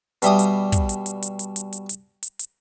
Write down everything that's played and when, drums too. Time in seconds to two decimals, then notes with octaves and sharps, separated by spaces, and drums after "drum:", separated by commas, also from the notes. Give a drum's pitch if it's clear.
0.22 B2 G3 E5 G5 D6 D#6, drum: hi-hat
0.39 drum: hi-hat
0.72 drum: kick, hi-hat
0.89 drum: hi-hat
1.06 drum: hi-hat
1.22 drum: hi-hat
1.39 drum: hi-hat
1.56 drum: hi-hat
1.73 drum: hi-hat
1.89 drum: hi-hat
2.23 drum: hi-hat
2.39 drum: hi-hat